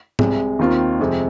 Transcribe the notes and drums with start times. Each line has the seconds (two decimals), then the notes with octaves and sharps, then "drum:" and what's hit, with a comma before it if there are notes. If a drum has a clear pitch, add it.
0.19 C2 C3 G#3, drum: tom G#2
0.59 D#2 D#3 C4 F4
1.00 F2 C3 G#3